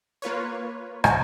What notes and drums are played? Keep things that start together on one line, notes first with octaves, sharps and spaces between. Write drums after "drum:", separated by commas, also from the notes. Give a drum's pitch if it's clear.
A#3 F4 B4 C#5
drum: rim click